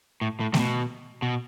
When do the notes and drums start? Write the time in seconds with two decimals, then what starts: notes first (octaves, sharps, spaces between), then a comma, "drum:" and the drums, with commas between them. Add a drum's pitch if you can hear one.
0.21 A2
0.40 A2
0.54 C3, drum: snare A3
0.59 B2
1.22 B2